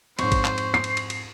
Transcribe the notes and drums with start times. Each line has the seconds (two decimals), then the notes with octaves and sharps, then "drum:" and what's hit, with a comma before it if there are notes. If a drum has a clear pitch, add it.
0.19 F2 G#2 C5 C#6, drum: cymbal
0.32 drum: kick, cymbal
0.45 drum: clap
0.58 drum: cymbal
0.74 C7
0.84 drum: cymbal
0.97 drum: cymbal
1.10 drum: cymbal